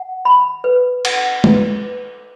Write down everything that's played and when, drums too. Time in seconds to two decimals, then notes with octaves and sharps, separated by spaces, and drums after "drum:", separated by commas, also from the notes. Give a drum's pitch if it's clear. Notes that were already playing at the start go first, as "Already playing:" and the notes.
Already playing: F#5
0.25 B5
0.64 B4
1.05 F#5, drum: cymbal
1.44 B4, drum: tom
1.84 B4